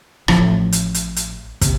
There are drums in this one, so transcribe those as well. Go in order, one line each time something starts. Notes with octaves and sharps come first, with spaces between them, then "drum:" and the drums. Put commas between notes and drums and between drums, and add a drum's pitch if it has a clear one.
A1 A2 F3, drum: rim click
drum: hi-hat
drum: hi-hat
drum: hi-hat
C3, drum: kick, hi-hat